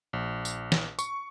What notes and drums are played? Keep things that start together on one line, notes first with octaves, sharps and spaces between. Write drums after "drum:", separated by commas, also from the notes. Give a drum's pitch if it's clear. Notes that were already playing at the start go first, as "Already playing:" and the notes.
A#1
drum: tambourine
drum: snare
C#6, drum: tambourine